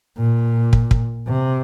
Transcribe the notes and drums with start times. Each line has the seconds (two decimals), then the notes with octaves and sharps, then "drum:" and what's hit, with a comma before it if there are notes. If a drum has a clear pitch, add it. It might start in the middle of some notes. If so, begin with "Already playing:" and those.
0.18 A#2
0.73 drum: kick
0.91 drum: kick
1.28 C3